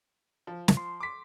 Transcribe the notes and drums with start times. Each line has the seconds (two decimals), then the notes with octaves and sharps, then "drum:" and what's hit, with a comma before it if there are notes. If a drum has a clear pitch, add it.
0.47 F3
0.68 drum: snare
0.77 C6
1.00 D6 B6